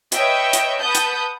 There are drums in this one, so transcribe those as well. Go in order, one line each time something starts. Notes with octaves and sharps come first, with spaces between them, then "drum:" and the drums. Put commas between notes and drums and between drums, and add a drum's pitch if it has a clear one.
B4 C#5 D#5 E5 G5, drum: hi-hat
drum: hi-hat
B4 F#5 A5 D#6 G6
drum: hi-hat